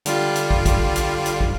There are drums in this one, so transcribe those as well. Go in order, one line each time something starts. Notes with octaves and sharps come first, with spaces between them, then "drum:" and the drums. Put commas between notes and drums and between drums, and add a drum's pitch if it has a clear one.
D3 G3 F4, drum: hi-hat
drum: hi-hat
drum: kick
drum: kick, hi-hat
drum: hi-hat
drum: hi-hat
drum: kick